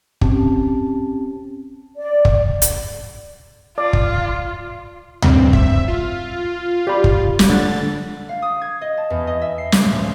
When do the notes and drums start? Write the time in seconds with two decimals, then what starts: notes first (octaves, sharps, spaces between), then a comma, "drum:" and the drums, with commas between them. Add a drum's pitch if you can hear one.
0.21 C4 C#4 G4 A5, drum: kick
1.97 D5
2.25 drum: kick
2.62 drum: hi-hat
3.78 F4 D5
3.93 drum: kick
5.22 G2 C4, drum: tom D2
5.53 E5, drum: kick
5.88 F4
6.87 G4 D5 B5
7.04 drum: kick
7.39 drum: snare
7.49 D3 A6
8.29 F5
8.42 D#6
8.61 G#6
8.81 D#5
8.97 A5
9.10 E2
9.27 D#5
9.41 E5
9.58 C7
9.72 C#2, drum: snare
9.84 A2
9.99 F3